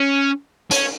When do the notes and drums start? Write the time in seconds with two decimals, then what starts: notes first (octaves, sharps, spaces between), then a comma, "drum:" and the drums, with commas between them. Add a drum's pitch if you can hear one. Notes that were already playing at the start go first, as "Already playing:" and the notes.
Already playing: C#4
0.71 C#4, drum: hi-hat